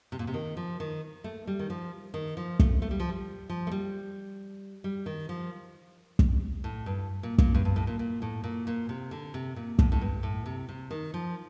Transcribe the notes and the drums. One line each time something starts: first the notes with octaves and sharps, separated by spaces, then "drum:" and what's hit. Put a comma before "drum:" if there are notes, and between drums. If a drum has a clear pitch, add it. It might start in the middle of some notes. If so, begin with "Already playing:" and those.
C3
A#2
C3
D#3
F3
D#3
A3
G3
D#3
F3
D#3
F3
A3, drum: kick
A3
G3
F3
G3
F3
A3
G3
G3
D#3
F3
drum: kick
A2
G2
A#2
A#2, drum: kick
G2
G2
A2
A#2
A#2
A2
A#2
A#2
C3
D3
C3
A#2
A2, drum: kick
A2
G2
A2
C3
C3
D#3
F3